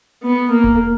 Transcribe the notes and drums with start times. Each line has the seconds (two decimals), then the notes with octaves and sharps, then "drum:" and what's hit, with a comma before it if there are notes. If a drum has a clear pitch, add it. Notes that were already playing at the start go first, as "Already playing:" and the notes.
0.23 B3
0.51 A#3
0.64 drum: kick E1